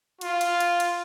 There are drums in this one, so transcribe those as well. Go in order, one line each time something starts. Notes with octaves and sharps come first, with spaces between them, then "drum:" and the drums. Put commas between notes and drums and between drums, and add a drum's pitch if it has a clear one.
F4, drum: cymbal
drum: cymbal
drum: cymbal
drum: cymbal